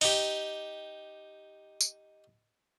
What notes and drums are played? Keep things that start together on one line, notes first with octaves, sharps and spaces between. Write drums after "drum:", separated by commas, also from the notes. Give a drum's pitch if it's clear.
D#4 G4, drum: open hi-hat
drum: tambourine